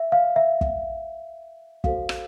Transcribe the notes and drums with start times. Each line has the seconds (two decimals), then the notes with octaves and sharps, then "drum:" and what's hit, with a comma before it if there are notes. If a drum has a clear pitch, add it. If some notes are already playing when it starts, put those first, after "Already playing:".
Already playing: E5
0.12 F5
0.36 E5
0.61 drum: kick
1.84 F#4 A4 C5 F5, drum: kick
2.09 drum: rim click